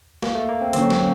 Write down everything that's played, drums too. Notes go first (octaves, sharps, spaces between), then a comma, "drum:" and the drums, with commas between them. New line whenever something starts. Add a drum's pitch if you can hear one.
A#3, drum: snare
A3
A#3
C4
D3 F#3 A#3 C4 C#4, drum: hi-hat
drum: snare